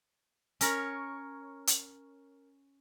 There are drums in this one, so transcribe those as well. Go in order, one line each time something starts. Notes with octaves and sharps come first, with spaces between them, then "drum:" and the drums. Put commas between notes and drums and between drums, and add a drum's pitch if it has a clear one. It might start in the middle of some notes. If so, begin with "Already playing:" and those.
C#4 A#4 C#5, drum: hi-hat
drum: hi-hat